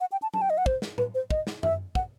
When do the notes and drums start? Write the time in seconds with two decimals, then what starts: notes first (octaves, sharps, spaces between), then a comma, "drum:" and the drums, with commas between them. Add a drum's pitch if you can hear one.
0.01 F#5
0.12 G5
0.22 A5
0.34 A5, drum: tom F#3
0.42 G5
0.50 D#5
0.58 F#5
0.66 C5, drum: kick
0.82 drum: snare
0.98 B4, drum: tom A2
1.15 C5
1.30 D#5, drum: kick
1.47 drum: snare
1.63 E5, drum: tom F#2
1.95 F#5, drum: kick